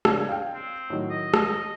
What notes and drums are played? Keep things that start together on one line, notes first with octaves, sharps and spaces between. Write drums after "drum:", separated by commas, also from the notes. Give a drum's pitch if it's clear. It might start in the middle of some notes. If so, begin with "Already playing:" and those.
C#3 D4 G#6, drum: rim click
F5 G5
C4
A2 D#3 F#3
D#5
drum: rim click